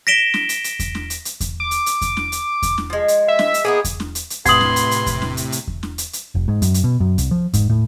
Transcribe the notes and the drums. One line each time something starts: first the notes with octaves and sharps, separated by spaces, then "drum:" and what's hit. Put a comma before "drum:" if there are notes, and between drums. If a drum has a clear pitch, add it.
A#6 B6 D7 E7 G7
drum: snare
drum: hi-hat
drum: hi-hat
drum: kick E2, hi-hat
drum: snare
drum: hi-hat
drum: hi-hat
drum: kick E2, hi-hat
D6
drum: hi-hat
drum: hi-hat
drum: kick E2, hi-hat
drum: snare
drum: hi-hat
drum: kick E2, hi-hat
drum: snare
F3 G#3
drum: hi-hat
E5
drum: snare
drum: hi-hat
A#3 B3 D#4 G#4
drum: kick E2, hi-hat
drum: snare
drum: hi-hat
drum: hi-hat
A2 C3 B4 F#5 C6 D#6 G#6 F#7, drum: kick E2, hi-hat
drum: snare
drum: hi-hat
drum: hi-hat
drum: kick E2, hi-hat
drum: snare
drum: hi-hat
drum: hi-hat
drum: kick E2
drum: snare
drum: hi-hat
drum: hi-hat
F1
G#2
F#2, drum: hi-hat
drum: hi-hat
B2
F#2
C2, drum: hi-hat
F3
G#2, drum: kick E2, hi-hat
A2